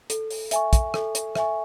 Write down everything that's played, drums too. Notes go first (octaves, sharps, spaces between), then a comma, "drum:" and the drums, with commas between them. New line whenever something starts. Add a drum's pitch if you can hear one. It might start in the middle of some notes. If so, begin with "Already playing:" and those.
A4, drum: hi-hat
drum: open hi-hat
E5 G#5 C#6, drum: hi-hat
drum: kick, hi-hat
A4, drum: rim click
drum: hi-hat
E5 G#5 C#6, drum: rim click